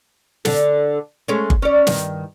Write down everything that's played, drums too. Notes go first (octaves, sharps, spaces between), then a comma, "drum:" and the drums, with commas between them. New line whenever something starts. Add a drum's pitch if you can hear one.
D3 A4, drum: snare
G#3 A3 C#4
drum: kick G1
C#4 D5
G2 D#3, drum: snare